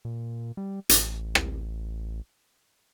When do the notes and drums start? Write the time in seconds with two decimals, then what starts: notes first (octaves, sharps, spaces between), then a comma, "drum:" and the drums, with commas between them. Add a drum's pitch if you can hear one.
0.05 A#2
0.57 G3
0.89 A1, drum: hi-hat
1.35 drum: rim click